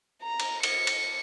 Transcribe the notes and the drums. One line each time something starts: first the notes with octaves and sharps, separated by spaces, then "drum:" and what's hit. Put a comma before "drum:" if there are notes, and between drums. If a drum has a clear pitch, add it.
A#5
drum: cymbal
C#7, drum: cymbal
drum: cymbal